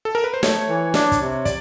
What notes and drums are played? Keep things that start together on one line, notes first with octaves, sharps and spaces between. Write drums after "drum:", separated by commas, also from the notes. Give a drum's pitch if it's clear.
A4
A#4
B4
C5
A3 C#5, drum: snare
E3
D4, drum: snare
drum: kick, hi-hat
C3
D5, drum: kick, hi-hat